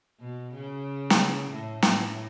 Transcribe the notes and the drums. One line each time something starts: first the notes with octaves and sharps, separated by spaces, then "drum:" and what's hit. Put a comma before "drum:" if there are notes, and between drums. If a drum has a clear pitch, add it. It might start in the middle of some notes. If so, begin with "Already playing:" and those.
B2
C#3
drum: snare
A2
A2, drum: snare